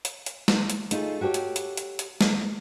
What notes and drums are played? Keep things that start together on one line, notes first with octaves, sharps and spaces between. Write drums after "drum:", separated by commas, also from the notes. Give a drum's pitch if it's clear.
drum: hi-hat
drum: hi-hat
drum: snare
drum: hi-hat
A3 D#4 F4 G#4, drum: hi-hat
F#4 G4 A4 C#5
drum: hi-hat
drum: hi-hat
drum: hi-hat
drum: hi-hat
drum: snare